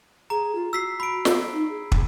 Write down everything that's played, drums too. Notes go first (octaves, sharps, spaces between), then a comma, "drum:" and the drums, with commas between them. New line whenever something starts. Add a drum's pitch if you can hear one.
G#4 A#5
F4
F#4 E6 B6 C7
B5 D7
drum: snare
D#4
G#4
drum: kick